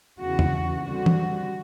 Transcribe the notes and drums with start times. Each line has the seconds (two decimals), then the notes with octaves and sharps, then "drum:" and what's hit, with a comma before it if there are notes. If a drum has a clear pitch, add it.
0.19 E2 C#3 E3 F#4
0.39 drum: tom E2
0.83 D3 G3 C4 F#4
1.06 drum: tom